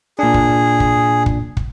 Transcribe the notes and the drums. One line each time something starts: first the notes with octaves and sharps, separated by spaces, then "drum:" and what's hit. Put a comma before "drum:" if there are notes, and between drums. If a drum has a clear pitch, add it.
A#2 D4 G#4
drum: kick
drum: kick
drum: kick
drum: kick